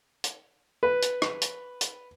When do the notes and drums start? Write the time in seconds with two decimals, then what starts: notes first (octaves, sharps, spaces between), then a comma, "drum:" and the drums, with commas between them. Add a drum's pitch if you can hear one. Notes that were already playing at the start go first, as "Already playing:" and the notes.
0.24 drum: hi-hat
0.83 B4
1.02 drum: hi-hat
1.22 drum: rim click
1.42 drum: hi-hat
1.81 drum: hi-hat